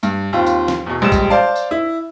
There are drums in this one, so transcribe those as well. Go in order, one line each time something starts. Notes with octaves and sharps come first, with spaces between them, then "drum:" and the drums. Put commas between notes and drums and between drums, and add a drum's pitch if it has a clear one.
G2, drum: tambourine
D#2 C4 F4
drum: tambourine
drum: snare
E2 B2
A#1 G3 G#3 D#6 E7
drum: kick A#1, tambourine
C5 D5 F5 A5
drum: tambourine
E4